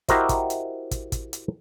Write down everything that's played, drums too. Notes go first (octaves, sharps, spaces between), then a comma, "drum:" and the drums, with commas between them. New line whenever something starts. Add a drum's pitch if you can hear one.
E4 F#4 G4 A#4 C5 D#5, drum: kick, hi-hat
drum: kick, hi-hat
drum: hi-hat
drum: kick, hi-hat
drum: kick, hi-hat
drum: hi-hat